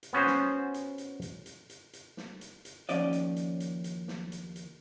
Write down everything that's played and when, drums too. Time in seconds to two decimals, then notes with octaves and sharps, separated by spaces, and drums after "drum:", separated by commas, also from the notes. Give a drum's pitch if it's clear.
0.03 drum: hi-hat
0.13 B3 C#4 F#4 C5
0.27 drum: snare
0.74 drum: hi-hat
0.98 drum: hi-hat
1.22 drum: hi-hat
1.46 drum: hi-hat
1.70 drum: hi-hat
1.93 drum: hi-hat
2.17 drum: snare
2.41 drum: hi-hat
2.65 drum: hi-hat
2.89 D#2 F3 C#4 D5 D#5, drum: hi-hat
3.13 drum: hi-hat
3.36 drum: hi-hat
3.60 drum: hi-hat
3.84 drum: hi-hat
4.08 drum: snare
4.32 drum: hi-hat
4.56 drum: hi-hat